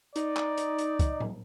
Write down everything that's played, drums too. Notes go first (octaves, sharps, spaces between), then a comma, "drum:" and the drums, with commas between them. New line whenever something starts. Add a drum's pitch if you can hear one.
D#4 D5, drum: hi-hat
drum: clap
drum: hi-hat
drum: hi-hat
drum: kick, hi-hat
drum: tom A2